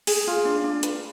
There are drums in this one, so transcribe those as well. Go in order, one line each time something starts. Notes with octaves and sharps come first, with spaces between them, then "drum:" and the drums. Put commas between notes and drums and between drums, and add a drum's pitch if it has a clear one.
G#4, drum: open hi-hat
F4
D4
D4
B4, drum: hi-hat